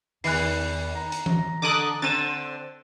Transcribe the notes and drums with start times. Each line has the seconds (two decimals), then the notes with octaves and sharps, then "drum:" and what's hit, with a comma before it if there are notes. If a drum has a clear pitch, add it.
0.24 E2 D#3 F#6 C7, drum: open hi-hat
0.96 A#5
1.12 drum: hi-hat
1.26 drum: tom E3
1.62 D3 A4 D6 D#6 F#6
2.02 D3 C4 F#6 A6 D#7 E7